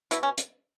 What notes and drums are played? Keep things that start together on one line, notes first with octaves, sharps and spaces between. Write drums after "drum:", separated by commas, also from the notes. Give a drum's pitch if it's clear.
B2 E4, drum: hi-hat
C#4
drum: hi-hat